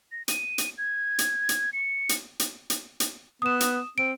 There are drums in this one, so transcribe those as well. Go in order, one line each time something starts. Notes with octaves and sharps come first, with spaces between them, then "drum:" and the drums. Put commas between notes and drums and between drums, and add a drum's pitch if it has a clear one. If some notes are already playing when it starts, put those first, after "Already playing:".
A#6
D#7, drum: hi-hat
drum: hi-hat
G#6
drum: hi-hat
drum: hi-hat
C#7
drum: hi-hat
drum: hi-hat
drum: hi-hat
drum: hi-hat
B3 D#6 E7
drum: hi-hat
C4 D7